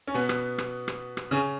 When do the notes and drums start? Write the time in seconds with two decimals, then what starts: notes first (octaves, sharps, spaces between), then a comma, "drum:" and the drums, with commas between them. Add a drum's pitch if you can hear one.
0.07 C#4
0.14 B2 B3
0.29 drum: rim click
0.58 drum: rim click
0.88 drum: rim click
1.17 drum: rim click
1.31 C#3 C#4